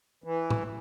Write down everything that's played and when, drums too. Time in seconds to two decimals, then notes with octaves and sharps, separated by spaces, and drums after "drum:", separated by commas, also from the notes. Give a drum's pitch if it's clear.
0.24 E3
0.50 drum: tom A2